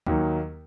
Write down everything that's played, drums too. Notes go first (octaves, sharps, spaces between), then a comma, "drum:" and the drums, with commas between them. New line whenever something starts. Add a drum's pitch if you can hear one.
D#2 D#3 F#3 A#3 D#4, drum: kick C#2